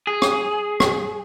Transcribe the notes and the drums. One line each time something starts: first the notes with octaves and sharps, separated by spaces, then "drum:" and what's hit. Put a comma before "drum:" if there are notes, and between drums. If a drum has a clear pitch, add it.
G#4
drum: rim click
drum: rim click